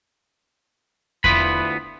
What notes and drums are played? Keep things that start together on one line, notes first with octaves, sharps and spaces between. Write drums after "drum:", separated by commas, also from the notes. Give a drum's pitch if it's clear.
D2 B3 E4 F4 B4 B5, drum: kick E2